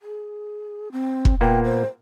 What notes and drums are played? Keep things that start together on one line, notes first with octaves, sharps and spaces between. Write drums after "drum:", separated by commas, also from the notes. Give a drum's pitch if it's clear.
G#4
C4
drum: kick
A#2 A#3 B3 G5
C5